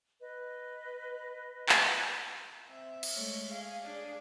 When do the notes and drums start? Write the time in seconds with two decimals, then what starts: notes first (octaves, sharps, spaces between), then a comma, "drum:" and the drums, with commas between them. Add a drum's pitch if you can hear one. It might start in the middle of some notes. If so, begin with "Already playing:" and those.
0.21 B4 D#5
1.69 drum: clap
2.69 C4 E5
3.03 drum: cymbal
3.15 G#3 A3 C#5
3.51 G#4 F5
3.83 D4 G#4